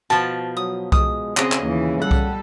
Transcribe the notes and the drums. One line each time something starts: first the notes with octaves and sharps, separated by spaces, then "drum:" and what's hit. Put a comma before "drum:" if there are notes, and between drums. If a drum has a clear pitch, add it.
B2 F3 A5
F#3 D#6
G#3 D#6, drum: kick C2
C#3 C4 G#4 D#5, drum: clap
drum: clap
D#2 E3
G3 A4 F#5
drum: kick C2